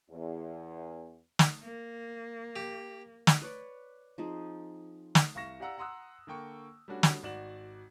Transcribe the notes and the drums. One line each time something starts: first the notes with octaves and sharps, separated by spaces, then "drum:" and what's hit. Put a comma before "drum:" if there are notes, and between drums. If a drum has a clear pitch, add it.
E2
drum: snare
A#3
G4
drum: snare
B4 C#5 D5
F3 C4 D#4 G#4
drum: snare
C2 F5 C#6 A#6 E7
G4 D5 F5 F#5 A#5 E6
F#5 A#5 C6 D#6 E6 F#6
D3 A#3 G5 C#6
G3 A3 C#4 D4 F#4
drum: snare
G#1 F#4 D5 E7 F#7